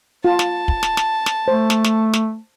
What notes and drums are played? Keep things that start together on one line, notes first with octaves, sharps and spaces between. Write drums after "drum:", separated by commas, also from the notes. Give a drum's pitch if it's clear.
F4 A5
drum: snare
drum: kick
drum: snare
drum: snare
drum: snare
A3 C5
drum: snare
drum: snare
drum: snare